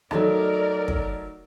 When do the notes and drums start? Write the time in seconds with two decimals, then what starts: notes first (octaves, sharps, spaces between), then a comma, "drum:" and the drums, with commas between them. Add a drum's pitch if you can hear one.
0.11 F#3 A3 D#4 A#4 D5, drum: rim click
0.88 drum: kick